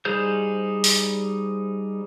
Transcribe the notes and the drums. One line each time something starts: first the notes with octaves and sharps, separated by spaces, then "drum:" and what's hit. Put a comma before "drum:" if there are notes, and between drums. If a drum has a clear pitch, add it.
G3 D#4 G#4 C5 G6
drum: open hi-hat